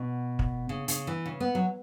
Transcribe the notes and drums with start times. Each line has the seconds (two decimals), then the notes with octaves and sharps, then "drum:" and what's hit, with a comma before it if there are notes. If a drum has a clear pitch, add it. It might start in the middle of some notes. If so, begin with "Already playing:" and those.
Already playing: B2
0.39 drum: kick
0.69 C#3
0.88 C#3, drum: hi-hat
1.07 E3
1.26 C#3
1.40 B3
1.55 F#3